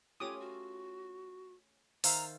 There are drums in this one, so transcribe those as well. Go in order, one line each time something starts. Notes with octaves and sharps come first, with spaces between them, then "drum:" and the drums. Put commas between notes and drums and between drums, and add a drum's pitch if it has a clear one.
A3 C#4 F4 G4 C#5 D6 D#6
F#4
D#3 C5 E5 F5 A5 A#5, drum: open hi-hat